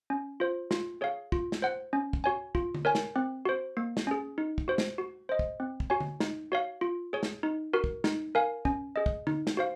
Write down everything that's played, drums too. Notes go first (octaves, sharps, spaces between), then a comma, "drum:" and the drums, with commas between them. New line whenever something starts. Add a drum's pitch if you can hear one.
C#4
F4 C5
F4, drum: snare
G#4 C#5 F5
F4, drum: kick
drum: snare
C5 F#5
C#4
drum: kick
F#4 C#5 G#5
F4, drum: kick
drum: tom D3
A#4 C#5 G#5
drum: snare
C4
F#4 C5
A#3
drum: snare
C#4 G#4
D#4
drum: kick
F#4 C5
drum: snare
F#4
C5 D#5
drum: kick
C4
drum: kick
F#4 C#5 G#5
drum: tom D3
D#4, drum: snare
F#4 C#5 F5
F4
G#4 C#5
drum: snare
D#4
F#4 A#4
drum: kick
D#4, drum: snare
A#4 F5 G#5
C#4, drum: kick
G#4 D#5
drum: kick
D#4, drum: tom D3
drum: snare
F#4 C5 F5